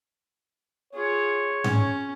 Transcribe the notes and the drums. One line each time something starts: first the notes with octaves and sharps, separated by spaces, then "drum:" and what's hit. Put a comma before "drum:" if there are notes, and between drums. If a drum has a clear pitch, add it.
F4 G#4 C#5
C#4, drum: tom G#2